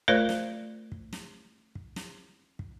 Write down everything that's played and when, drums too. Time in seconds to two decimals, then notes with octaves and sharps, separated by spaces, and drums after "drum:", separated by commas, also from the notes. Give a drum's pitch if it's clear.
0.08 A3 F4 A#4 C5 D5, drum: kick
0.29 drum: snare
0.92 drum: kick
1.13 drum: snare
1.75 drum: kick
1.96 drum: snare
2.59 drum: kick